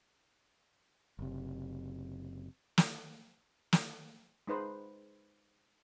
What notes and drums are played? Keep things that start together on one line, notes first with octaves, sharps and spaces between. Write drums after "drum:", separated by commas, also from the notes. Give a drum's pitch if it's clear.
F#1 C3
drum: snare
drum: snare
G#3 D#4 B4 C5